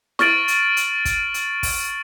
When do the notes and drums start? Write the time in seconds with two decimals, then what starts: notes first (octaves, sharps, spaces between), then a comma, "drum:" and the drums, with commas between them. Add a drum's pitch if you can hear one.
0.19 C#6 F6 A6 D7 F#7, drum: snare E4
0.48 drum: hi-hat
0.77 drum: hi-hat
1.05 drum: kick, hi-hat
1.34 drum: hi-hat
1.63 drum: kick, open hi-hat